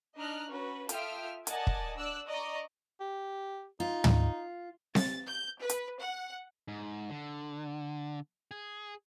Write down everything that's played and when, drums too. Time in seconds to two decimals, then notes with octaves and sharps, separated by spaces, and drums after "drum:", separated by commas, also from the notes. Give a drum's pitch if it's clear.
0.18 D4 D#4 D#5 A#5 F6 F#6
0.50 C#4 F#4 B4
0.89 F4 A4 E5 G5 D#6 F6, drum: hi-hat
1.47 A#4 D5 D#5 F#5 G#5 A5, drum: hi-hat
1.67 drum: kick
1.96 D4 D5 E6 F#6
2.27 D5 D#5 A#5 C#6
3.00 G4
3.80 D#4 F4
4.04 drum: tom
4.95 A6, drum: snare C4
5.26 G6
5.60 B4
5.69 drum: hi-hat
5.99 F#5
6.68 G#2
7.10 D3
8.51 G#4